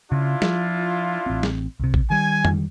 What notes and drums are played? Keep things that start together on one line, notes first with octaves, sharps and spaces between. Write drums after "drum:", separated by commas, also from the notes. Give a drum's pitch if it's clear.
C#3 D4 E4 F4
F3, drum: snare
A1 C4
drum: snare
C2 C3
drum: kick A1
D#3 G3 G#5
drum: tom F2